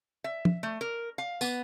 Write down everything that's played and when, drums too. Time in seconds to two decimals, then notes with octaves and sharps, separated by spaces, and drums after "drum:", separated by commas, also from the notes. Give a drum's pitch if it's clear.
0.24 E5
0.45 drum: tom
0.63 A3
0.81 A#4
1.18 F5
1.41 B3, drum: tambourine